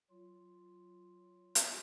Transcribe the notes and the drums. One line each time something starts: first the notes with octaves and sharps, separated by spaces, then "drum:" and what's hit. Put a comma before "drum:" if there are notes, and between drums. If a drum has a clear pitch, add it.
F#3 F4
drum: hi-hat